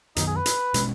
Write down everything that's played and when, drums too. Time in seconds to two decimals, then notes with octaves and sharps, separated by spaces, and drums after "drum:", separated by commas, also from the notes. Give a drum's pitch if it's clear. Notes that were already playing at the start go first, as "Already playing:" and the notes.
0.16 F#2 D#3 F#3 B3 D#4, drum: hi-hat
0.27 G#4
0.36 B4
0.46 drum: hi-hat
0.74 B2 G#3 C#4, drum: hi-hat